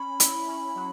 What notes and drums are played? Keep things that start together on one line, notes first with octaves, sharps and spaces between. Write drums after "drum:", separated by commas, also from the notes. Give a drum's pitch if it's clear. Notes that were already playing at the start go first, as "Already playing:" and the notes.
Already playing: C#4 B5
E4, drum: hi-hat
C#4
F#3